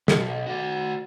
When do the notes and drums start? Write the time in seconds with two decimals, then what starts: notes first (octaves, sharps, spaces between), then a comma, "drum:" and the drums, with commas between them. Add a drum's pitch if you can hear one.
0.08 B1, drum: snare
0.47 F#4 D5